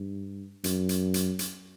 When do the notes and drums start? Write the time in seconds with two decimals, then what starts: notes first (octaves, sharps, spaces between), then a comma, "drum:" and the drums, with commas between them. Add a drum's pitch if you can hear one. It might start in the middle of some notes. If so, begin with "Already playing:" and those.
Already playing: G2
0.64 F#2, drum: hi-hat
0.89 drum: hi-hat
1.14 drum: hi-hat
1.39 drum: hi-hat